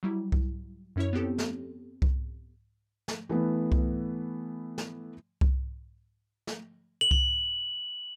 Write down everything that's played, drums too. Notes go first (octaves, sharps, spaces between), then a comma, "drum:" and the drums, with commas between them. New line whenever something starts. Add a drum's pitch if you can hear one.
F#3 G3 E4
drum: kick C2
F#2 C#4 E4 C#5
B3 C4 G4 A4
drum: snare
drum: kick C2
drum: snare
E3 A3 B3
drum: kick C2
drum: snare
drum: kick C2
drum: snare
F#7
drum: kick C2